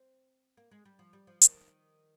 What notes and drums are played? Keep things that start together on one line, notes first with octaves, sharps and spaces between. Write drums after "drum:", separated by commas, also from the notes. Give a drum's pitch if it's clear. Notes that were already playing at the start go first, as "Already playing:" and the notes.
Already playing: C4
A#3
G#3
G3
F3
G3
F3
D#3, drum: hi-hat